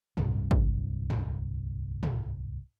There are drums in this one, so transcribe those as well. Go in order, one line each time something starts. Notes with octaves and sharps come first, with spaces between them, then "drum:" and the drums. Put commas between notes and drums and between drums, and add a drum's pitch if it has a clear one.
D1 C2 G2, drum: tom
drum: kick
drum: tom
drum: tom